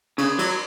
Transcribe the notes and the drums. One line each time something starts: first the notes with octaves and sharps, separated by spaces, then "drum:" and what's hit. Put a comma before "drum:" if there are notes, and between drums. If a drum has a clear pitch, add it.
C#3, drum: cymbal
F#3, drum: cymbal